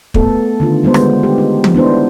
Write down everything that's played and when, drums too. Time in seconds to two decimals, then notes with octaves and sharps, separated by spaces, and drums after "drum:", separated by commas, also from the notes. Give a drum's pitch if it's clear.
0.14 A3 B3 A4, drum: kick
0.60 D3 D#3 F4
0.84 G3 G#3 B3 C5
0.94 drum: rim click
1.23 G4
1.38 D#4
1.64 drum: tom
1.74 B3 D4 E4 C5